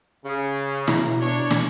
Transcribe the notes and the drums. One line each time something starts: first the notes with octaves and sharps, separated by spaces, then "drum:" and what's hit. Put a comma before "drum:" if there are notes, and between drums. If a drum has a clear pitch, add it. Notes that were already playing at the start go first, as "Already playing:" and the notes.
C#3
B2 E4 A#5, drum: snare
D4 C#5
drum: snare